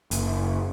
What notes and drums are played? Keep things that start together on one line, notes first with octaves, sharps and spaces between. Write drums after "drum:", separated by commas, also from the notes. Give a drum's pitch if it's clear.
F#1, drum: hi-hat